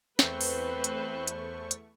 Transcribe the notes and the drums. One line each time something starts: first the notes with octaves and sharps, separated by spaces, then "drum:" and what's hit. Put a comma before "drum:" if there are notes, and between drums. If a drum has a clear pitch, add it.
E2 A3 C4 B4 C5 C#6, drum: snare
drum: open hi-hat
drum: hi-hat
drum: hi-hat
drum: hi-hat